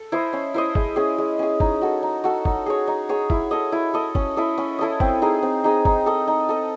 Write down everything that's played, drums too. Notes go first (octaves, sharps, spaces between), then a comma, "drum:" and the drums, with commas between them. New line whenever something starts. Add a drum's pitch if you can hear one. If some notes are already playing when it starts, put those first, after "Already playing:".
Already playing: A4
E4 C5 D#5
C#4
E4 C5 D#5
G#3, drum: kick
C#4 G#4
G#3
C#4 G#4
D#4, drum: kick
F#4 A4
D#4
F#4 A4
D#4, drum: kick
G#4 C#5
D#4
G#4 C#5
E4, drum: kick
A4 D#5
E4
A4 D#5
C#4, drum: kick
E4 A4 D#5
C#4
E4 A4 D#5
C4, drum: kick
D#4 G#4 D#5
C4
D#4 G#4 D#5
D#4, drum: kick
A4 D#5
D#4
A4 D#5